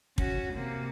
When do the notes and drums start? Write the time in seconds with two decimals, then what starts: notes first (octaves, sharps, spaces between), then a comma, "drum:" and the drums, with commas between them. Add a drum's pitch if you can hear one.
0.18 C#4 F#4, drum: kick
0.54 C3 A#3